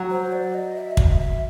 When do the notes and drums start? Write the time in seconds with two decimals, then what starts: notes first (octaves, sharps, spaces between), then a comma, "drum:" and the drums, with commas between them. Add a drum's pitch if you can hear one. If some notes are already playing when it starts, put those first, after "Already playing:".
Already playing: F#3
0.11 C5
0.32 D5
0.54 D#5
0.75 E5
0.92 D#5
0.97 E5, drum: kick
1.18 E5